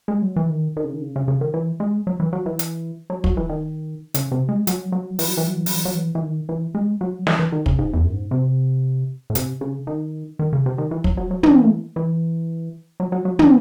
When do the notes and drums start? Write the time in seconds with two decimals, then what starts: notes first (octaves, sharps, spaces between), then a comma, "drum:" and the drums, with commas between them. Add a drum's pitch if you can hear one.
0.08 G#3
0.22 F#3
0.36 E3
0.50 D#3
0.77 D#3
0.84 C#3
0.93 D#3
1.02 C#3
1.16 C#3
1.28 C#3
1.41 D#3
1.54 E3
1.80 G#3
2.07 F#3
2.20 E3
2.33 F#3
2.46 E3
2.59 drum: hi-hat
3.10 F#3
3.24 F#3, drum: kick
3.37 E3
3.49 D#3
4.14 C#3, drum: hi-hat
4.32 C3
4.49 G#3
4.67 F#3, drum: hi-hat
4.92 F#3
5.19 E3, drum: open hi-hat
5.28 F#3
5.37 E3
5.47 F#3
5.56 E3
5.66 F#3, drum: open hi-hat
5.76 E3
5.85 F#3
5.95 E3
6.15 E3
6.23 D#3
6.49 E3
6.75 G#3
7.01 F#3
7.27 E3, drum: snare
7.39 E3
7.52 D#3
7.66 C#3, drum: kick
7.79 G#2
7.93 E2
8.04 F#2
8.13 G#2
8.31 C3
9.30 A2
9.35 C3, drum: hi-hat
9.61 C#3
9.87 D#3
10.39 D#3
10.53 C#3
10.66 C3
10.78 D#3
10.91 E3
11.04 F#3, drum: kick
11.17 F#3
11.31 F#3
11.43 E3, drum: tom
11.96 E3
13.00 F#3
13.12 F#3
13.25 F#3
13.39 E3, drum: tom